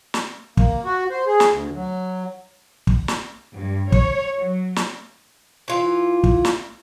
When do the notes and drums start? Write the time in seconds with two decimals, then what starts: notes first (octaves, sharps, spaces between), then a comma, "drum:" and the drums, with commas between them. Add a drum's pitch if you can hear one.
0.14 drum: snare
0.57 A#3, drum: kick
0.85 F#4
1.10 C5
1.26 G#4
1.40 drum: snare
1.50 D2
1.74 F#3
2.87 drum: kick
3.08 drum: snare
3.56 G2
3.92 C#5, drum: kick
4.39 F#3
4.76 drum: snare
5.68 E3 F4
6.24 drum: kick
6.45 drum: snare